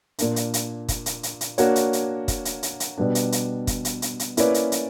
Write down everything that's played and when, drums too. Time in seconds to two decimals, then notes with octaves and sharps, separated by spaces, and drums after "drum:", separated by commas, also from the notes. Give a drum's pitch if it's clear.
0.19 A#2 A#3 D4, drum: hi-hat
0.36 drum: hi-hat
0.54 drum: hi-hat
0.88 drum: kick, hi-hat
1.06 drum: hi-hat
1.23 drum: hi-hat
1.41 drum: hi-hat
1.58 A#3 D4 F#4 C#5, drum: hi-hat
1.76 drum: hi-hat
1.93 drum: hi-hat
2.28 drum: kick, hi-hat
2.45 drum: hi-hat
2.63 drum: hi-hat
2.80 drum: hi-hat
2.98 B2 G3 B3 D4
3.15 drum: hi-hat
3.32 drum: hi-hat
3.67 drum: kick, hi-hat
3.85 drum: hi-hat
4.02 drum: hi-hat
4.20 drum: hi-hat
4.37 A#3 C#4 E4 B4 D5, drum: hi-hat
4.54 drum: hi-hat
4.72 drum: hi-hat